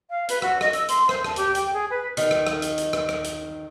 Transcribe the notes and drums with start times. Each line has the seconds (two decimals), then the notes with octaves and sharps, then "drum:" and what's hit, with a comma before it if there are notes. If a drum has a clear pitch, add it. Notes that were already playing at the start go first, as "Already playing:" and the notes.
0.10 F5
0.29 B4, drum: hi-hat
0.42 F#4, drum: rim click
0.61 D#5, drum: rim click
0.73 E6, drum: hi-hat
0.89 C6, drum: hi-hat
1.09 C5, drum: rim click
1.24 A5, drum: rim click
1.36 G4, drum: hi-hat
1.55 G5, drum: hi-hat
1.73 G#4
1.90 B4
2.17 D#3, drum: hi-hat
2.31 drum: rim click
2.47 drum: rim click
2.62 drum: hi-hat
2.78 drum: hi-hat
2.93 drum: rim click
3.09 drum: rim click
3.24 drum: hi-hat